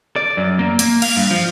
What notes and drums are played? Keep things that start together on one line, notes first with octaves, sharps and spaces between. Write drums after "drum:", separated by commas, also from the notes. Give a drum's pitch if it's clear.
D5
F#2
A#3
A#3, drum: hi-hat
F5, drum: cymbal
G2
F3